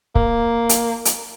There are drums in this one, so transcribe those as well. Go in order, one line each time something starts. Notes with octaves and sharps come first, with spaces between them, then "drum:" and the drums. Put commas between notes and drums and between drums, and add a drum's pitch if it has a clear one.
A#3, drum: kick C#1
drum: hi-hat
drum: hi-hat